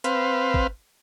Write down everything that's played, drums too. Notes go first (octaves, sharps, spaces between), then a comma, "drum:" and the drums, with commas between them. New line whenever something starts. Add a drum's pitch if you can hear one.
C4 B4 F5, drum: hi-hat
drum: kick